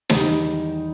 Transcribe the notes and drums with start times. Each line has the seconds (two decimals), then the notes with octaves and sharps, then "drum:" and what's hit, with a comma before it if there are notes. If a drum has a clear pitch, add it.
0.09 E2 D#3 G3 D#4, drum: snare
0.26 D#4